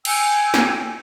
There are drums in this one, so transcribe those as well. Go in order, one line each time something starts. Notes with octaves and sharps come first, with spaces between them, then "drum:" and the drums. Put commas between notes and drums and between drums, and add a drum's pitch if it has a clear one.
G5 G#5 E6 G6, drum: cymbal
drum: snare